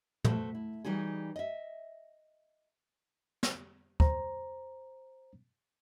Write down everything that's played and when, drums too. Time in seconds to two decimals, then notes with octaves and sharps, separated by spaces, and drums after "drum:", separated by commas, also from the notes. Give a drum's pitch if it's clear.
0.24 A3 F#4 B4 C5, drum: tom
0.55 E4
0.85 E3 G3 D#4 F#4 G#4
1.36 D#5 E5
3.43 drum: snare
4.00 C5 A#5, drum: kick